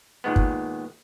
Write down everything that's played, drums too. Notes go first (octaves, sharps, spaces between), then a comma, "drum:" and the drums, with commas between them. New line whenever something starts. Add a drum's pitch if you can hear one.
D#2 A#2 D#3 G#3 B3
drum: kick